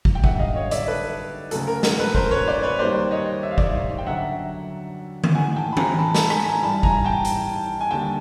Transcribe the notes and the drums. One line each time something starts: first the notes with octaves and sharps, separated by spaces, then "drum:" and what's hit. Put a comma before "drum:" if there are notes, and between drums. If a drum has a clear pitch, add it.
drum: kick
G5
F#2 D3 G3 E5 F#5, drum: kick
D#5 F5
C#5 D#5
D5 E5, drum: hi-hat
A4 B4
D2 C#3 F#3 A4, drum: hi-hat
A#4
A#4, drum: snare
A4 B4
A#4 C5, drum: kick
B4 C#5
C5 D5
B4 C#5
D#2 D#3 G3 C5 D5
C#5 D#5
E5
F5
D5 E5, drum: kick
G5
F#2 D3 F#3 E5 F#5
drum: tom D3
A2 F3 G#3 F#5 G#5
G5 A5
B5
G#5 A#5, drum: tom D#3
A5 B5
A5 B5, drum: snare
G#5 A#5, drum: rim click
G#5 A#5
G2 E3 G3 A5 B5
G#5 A#5, drum: kick
G5 A5
drum: hi-hat
G#5
D#2 D3 G3 G5 A5